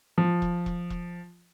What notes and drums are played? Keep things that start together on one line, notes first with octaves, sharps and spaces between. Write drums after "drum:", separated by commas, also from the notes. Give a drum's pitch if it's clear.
F3
drum: kick E1
drum: kick E1
drum: kick E1